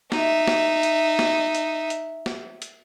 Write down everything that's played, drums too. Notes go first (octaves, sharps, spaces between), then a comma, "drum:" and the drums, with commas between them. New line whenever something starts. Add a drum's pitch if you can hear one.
D#4 E5, drum: snare
drum: snare
drum: hi-hat
drum: snare
drum: hi-hat
drum: hi-hat
drum: snare
drum: hi-hat